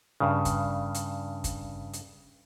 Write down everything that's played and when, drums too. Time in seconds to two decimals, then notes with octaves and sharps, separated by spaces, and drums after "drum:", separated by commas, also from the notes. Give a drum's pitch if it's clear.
0.20 G2 C#3
0.45 drum: kick, hi-hat
0.95 drum: hi-hat
1.44 drum: kick, hi-hat
1.93 drum: hi-hat